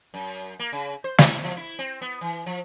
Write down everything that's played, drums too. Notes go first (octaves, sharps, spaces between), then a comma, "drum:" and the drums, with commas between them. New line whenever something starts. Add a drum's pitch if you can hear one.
F#2
A#3
C#3
C5
E4, drum: snare
F3
E4
C4
B3
E3
F3